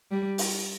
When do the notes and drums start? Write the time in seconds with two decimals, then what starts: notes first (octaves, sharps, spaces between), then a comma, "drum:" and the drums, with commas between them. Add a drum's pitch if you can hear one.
0.11 G3
0.38 drum: open hi-hat